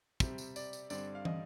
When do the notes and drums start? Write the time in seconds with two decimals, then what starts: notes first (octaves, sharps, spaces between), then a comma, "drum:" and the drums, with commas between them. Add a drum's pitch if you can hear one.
0.20 C3 G3 C4, drum: kick, tambourine
0.38 drum: tambourine
0.56 D5, drum: tambourine
0.73 drum: tambourine
0.90 G2 D3 G3 C4 D5, drum: tambourine
1.15 F5
1.25 D#5, drum: tom